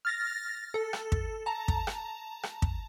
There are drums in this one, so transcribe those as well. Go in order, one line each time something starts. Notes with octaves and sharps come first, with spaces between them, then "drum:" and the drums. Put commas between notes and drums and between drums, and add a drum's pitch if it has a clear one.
F6 A6 A#6
A4
drum: rim click
drum: kick
A5 A#5
drum: kick
drum: rim click
drum: rim click
drum: kick